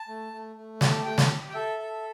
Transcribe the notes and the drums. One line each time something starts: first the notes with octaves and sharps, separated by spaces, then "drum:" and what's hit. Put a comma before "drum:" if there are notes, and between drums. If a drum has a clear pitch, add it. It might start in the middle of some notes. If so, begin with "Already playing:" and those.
Already playing: A5
A3
A3
A3
G4 A5, drum: snare
A3 G5
drum: snare
G4
G5
A4 E5
A4